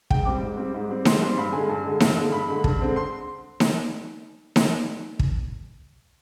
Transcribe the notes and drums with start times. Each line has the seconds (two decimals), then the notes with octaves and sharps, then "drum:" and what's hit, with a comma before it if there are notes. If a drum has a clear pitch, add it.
0.10 G#2 G5, drum: kick
0.25 G3 C4 D6
0.41 G#2
0.57 G3 C4
0.74 G#2
0.89 G3 C4
1.05 G#2 C6, drum: snare D#4
1.21 G3 C4 C6
1.37 G2 B5
1.53 D3 G#3 G#5
1.69 G2
1.85 D3 G#3
2.00 G2, drum: snare D#4
2.16 D3 G#3
2.32 G2 B5
2.48 D3 G#3
2.64 G2, drum: kick
2.81 D3 G#3 C4
2.96 C6
3.60 drum: snare D#4
4.56 drum: snare D#4
5.19 drum: kick